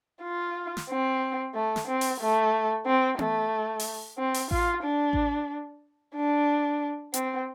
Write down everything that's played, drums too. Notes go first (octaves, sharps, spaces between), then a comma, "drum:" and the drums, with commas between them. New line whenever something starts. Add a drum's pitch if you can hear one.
F4
drum: snare
C4
A3
drum: snare
C4
drum: open hi-hat
A3
C4
A3, drum: tom B3
drum: open hi-hat
C4
drum: open hi-hat
F4, drum: kick A1
D4
drum: kick A1
D4
C4, drum: hi-hat